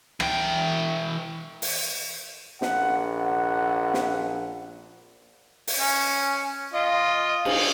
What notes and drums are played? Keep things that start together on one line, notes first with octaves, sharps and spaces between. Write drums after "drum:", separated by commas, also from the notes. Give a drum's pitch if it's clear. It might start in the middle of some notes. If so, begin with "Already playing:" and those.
E3 G5, drum: rim click
drum: open hi-hat
A#1 F#5, drum: snare
F#5
drum: snare
drum: open hi-hat
C#4
F4 D#5
drum: cymbal